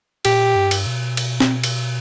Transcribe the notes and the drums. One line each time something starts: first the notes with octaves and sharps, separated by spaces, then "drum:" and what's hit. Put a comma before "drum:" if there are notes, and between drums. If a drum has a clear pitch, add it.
A#2 G4, drum: cymbal
G2
drum: cymbal
B2
drum: cymbal
drum: snare
drum: cymbal